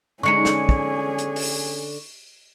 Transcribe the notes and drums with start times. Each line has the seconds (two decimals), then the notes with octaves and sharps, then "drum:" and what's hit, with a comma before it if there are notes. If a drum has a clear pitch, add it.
0.23 D3 G#3 C#4 D#4 G#4 C#6 C#7
0.45 drum: snare
0.69 drum: kick
1.18 drum: hi-hat
1.36 drum: open hi-hat